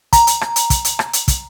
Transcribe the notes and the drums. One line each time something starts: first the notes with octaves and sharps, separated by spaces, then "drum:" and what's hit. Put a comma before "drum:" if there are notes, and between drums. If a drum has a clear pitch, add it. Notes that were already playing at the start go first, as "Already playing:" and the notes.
A#5, drum: kick, hi-hat
drum: hi-hat
drum: rim click
drum: hi-hat
drum: kick, hi-hat
drum: hi-hat
drum: rim click
drum: hi-hat
drum: kick, hi-hat